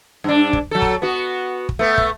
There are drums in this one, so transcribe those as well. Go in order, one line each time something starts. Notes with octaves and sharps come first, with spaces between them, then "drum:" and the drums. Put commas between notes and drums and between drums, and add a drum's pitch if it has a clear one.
G2 D4
drum: kick
F#3 A4
drum: kick
B3 F#4
drum: kick
A3 B3
drum: kick